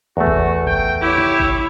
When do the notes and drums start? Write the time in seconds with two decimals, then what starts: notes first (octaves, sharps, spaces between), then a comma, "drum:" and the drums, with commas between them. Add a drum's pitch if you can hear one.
0.17 E2 A3 F#4
0.27 drum: kick G#1
0.67 G5, drum: kick G#1
1.02 E4 G4 C#5
1.40 drum: kick G#1